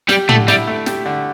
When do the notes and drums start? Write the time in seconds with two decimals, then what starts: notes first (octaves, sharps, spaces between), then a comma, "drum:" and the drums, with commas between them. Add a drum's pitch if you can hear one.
0.09 G3 G4, drum: snare
0.29 D3 A3, drum: tom
0.48 G3 E4, drum: snare
0.67 A3
0.86 G4, drum: snare
1.06 D3